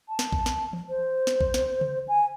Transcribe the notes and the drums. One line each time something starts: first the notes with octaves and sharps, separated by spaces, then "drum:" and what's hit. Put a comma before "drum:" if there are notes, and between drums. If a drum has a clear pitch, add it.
A5
drum: snare
drum: kick A#1
drum: snare
drum: tom E3
C5
drum: snare
drum: kick A#1
drum: snare
drum: tom C#3
G#5